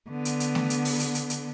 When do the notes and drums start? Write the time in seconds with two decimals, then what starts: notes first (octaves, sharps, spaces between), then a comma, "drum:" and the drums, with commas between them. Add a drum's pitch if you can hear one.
0.10 D3 B3
0.25 drum: hi-hat
0.40 drum: hi-hat
0.55 drum: snare A3
0.70 drum: hi-hat
0.85 drum: open hi-hat
1.00 drum: hi-hat
1.15 drum: hi-hat
1.30 drum: hi-hat